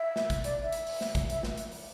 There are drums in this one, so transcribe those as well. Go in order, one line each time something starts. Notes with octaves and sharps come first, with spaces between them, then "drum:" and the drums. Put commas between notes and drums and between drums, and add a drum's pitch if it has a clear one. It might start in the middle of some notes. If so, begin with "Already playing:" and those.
Already playing: E5
drum: snare
drum: kick G#1, hi-hat
D5, drum: hi-hat
E5
drum: hi-hat
drum: open hi-hat
drum: snare
drum: kick G#1, hi-hat
E5, drum: hi-hat
drum: snare
drum: hi-hat
drum: open hi-hat